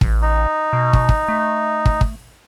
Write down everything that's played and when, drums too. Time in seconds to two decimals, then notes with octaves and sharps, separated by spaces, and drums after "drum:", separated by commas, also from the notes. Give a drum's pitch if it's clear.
0.01 A1, drum: kick
0.22 D#4
0.73 B2
0.93 drum: kick
1.09 drum: kick
1.28 A3
1.86 drum: kick
2.01 drum: kick